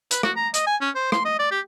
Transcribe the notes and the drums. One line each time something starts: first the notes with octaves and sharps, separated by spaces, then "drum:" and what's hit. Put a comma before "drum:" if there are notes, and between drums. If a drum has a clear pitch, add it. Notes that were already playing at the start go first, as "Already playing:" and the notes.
B4, drum: hi-hat
F#4, drum: rim click
A#5
D#5, drum: hi-hat
G#5
C#4
C5
C6, drum: rim click
D#5
D5
G4